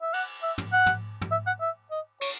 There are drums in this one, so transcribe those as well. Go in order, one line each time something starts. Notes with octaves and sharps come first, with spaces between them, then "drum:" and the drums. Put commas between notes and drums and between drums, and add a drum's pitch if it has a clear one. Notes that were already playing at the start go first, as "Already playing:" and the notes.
E5
F#5, drum: cymbal
E5
drum: tom
F#5
drum: tom
drum: tom
E5
F#5
E5
D#5
C#5, drum: cymbal